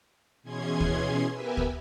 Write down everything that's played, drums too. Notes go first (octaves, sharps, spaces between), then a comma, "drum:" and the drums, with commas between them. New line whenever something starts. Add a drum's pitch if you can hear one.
B2 E3 C#4 G#4 C6 G#6
drum: kick D2
B3 G4 A#4 B4 E5 G#5
drum: kick D2